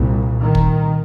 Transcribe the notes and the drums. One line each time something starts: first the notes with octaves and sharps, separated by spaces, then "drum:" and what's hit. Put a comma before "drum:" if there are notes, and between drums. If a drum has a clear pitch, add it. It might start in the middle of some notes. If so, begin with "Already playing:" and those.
Already playing: C2 A#2
D#3
drum: kick